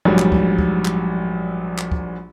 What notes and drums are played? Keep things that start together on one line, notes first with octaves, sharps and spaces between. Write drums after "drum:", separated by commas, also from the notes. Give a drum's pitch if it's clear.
A#1 G#2 F#3 G3
drum: clap
drum: kick
drum: kick
drum: clap
drum: clap
drum: kick